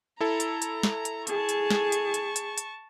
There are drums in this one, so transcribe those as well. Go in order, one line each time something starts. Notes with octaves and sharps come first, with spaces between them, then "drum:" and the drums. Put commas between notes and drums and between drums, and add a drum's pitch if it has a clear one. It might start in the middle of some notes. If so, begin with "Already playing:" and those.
E4 A4 A#5
drum: hi-hat
drum: hi-hat
drum: snare
drum: hi-hat
G#4 A5 C#6, drum: hi-hat
drum: hi-hat
drum: snare
drum: hi-hat
drum: hi-hat
drum: hi-hat
drum: hi-hat